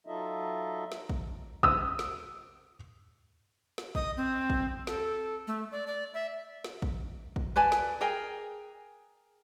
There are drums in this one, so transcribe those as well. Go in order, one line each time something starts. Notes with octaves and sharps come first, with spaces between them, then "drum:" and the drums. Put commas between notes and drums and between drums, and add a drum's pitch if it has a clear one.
F#3 D#4 F4 A4 D#5 E5
drum: snare
drum: kick
D#6 E6, drum: kick
drum: snare
drum: snare
D#5, drum: kick
C4
drum: kick
A4, drum: snare
A3
D5
D5
E5
drum: snare
drum: kick
drum: kick
B4 D5 G#5 A5
drum: snare
G#4 A#4 G5 G#5